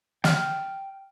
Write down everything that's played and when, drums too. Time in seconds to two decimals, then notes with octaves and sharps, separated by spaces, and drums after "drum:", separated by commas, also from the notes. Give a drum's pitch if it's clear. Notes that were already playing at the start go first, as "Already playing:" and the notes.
0.24 G5 F6, drum: snare